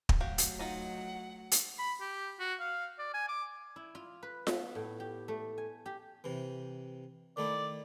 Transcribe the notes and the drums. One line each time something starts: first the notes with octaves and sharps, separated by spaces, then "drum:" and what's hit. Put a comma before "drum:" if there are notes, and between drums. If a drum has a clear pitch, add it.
drum: kick
F#3 A3 F#4 G4 F5
drum: hi-hat
D#4 F4 D#5 F#5
drum: hi-hat
B5
G4
F#4
F5
D5
G#5
D6
E4
F4
B4
B3, drum: snare F4
A2
G4
A3
G#5
G4
C3 E3
D#3 A3 E4 D5